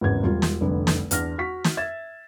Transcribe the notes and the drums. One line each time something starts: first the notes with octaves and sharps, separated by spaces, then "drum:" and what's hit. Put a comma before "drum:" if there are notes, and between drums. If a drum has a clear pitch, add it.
G#1 E2 C#3 G#6
E1 G3 F4
drum: snare
F1 C2 D3 B4
drum: snare
E2 D4 F6 A#6, drum: hi-hat
F#4 F#5 C#6 B6
drum: snare
E5 G#6 A6 E7